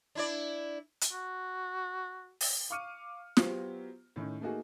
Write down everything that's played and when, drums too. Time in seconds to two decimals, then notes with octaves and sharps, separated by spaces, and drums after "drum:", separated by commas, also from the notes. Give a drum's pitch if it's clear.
0.15 D4 E4 D5
1.01 drum: hi-hat
1.12 F#4
2.41 drum: open hi-hat
2.70 F5 C#6 D6 F6 C#7 D#7
3.37 F#3 B3 F4 G4 C5, drum: snare
4.16 A2 D#3 C#4
4.41 A3 A#3 D#4 F#4 G#4